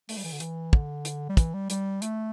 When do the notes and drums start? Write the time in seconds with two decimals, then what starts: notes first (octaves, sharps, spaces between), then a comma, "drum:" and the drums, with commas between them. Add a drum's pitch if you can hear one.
0.09 A3, drum: open hi-hat
0.17 G3
0.24 E3
0.32 D3
0.40 E3, drum: hi-hat
0.73 D3, drum: kick
1.05 drum: hi-hat
1.29 G3
1.37 E3, drum: kick, hi-hat
1.54 G3
1.70 G3, drum: hi-hat
2.02 A3, drum: hi-hat